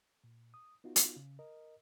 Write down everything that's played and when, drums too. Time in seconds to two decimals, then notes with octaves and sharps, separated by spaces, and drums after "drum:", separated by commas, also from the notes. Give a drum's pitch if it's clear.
0.24 A#2
0.54 D#6
0.84 B3 D#4 F4 F#4
0.96 drum: hi-hat
1.16 C#3
1.39 A#4 D#5